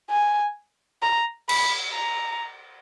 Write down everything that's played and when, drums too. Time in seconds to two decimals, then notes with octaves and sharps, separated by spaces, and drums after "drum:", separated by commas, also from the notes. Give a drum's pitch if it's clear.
0.10 G#5
1.02 A#5
1.49 B5, drum: cymbal
1.95 A#5